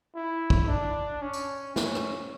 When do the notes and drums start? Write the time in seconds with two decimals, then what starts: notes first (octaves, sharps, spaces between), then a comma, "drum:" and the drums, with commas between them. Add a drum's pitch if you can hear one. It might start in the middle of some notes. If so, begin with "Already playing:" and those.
0.15 E4
0.50 drum: kick
0.68 D4
1.22 C#4
1.33 drum: tambourine
1.76 C#4, drum: snare
1.95 drum: rim click